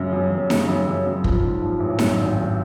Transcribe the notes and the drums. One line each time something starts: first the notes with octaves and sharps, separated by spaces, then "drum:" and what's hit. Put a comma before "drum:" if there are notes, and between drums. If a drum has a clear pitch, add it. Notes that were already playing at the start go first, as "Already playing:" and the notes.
Already playing: F#2 C#3
F#2
F#2
C#3, drum: snare D#4
F#2
F#2
F#2
F3, drum: kick
G#2
F3
A1
F#2, drum: snare D#4
G#1
G#1